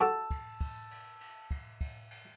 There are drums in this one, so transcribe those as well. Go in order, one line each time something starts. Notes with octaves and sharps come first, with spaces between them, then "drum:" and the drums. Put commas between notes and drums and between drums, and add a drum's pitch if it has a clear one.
F#4 G4 A4 A5 E6
drum: kick, cymbal
drum: kick, cymbal
drum: cymbal
drum: cymbal
drum: kick, cymbal
drum: kick, cymbal
drum: cymbal